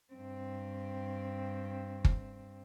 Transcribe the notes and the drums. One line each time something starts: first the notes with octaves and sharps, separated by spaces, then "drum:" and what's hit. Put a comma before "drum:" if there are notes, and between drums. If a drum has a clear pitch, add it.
G2 C4
drum: kick